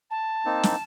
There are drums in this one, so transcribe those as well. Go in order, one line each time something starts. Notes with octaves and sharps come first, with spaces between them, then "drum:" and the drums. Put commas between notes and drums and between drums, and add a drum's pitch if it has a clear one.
A5
A#3 C4 D#4
drum: snare